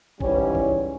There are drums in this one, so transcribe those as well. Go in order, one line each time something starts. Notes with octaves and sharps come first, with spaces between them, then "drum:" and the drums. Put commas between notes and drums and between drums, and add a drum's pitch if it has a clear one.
G#2 E3 G3 C#4, drum: kick
drum: kick